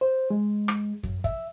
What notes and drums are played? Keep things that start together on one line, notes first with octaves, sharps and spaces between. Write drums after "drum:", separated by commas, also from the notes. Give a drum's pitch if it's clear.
C5
G#3
drum: rim click
F#2, drum: kick
E5, drum: kick